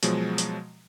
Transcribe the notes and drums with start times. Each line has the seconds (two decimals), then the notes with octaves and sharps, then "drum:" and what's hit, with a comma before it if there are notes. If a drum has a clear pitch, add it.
0.03 B2 F3 F#3 G#3, drum: hi-hat
0.38 drum: hi-hat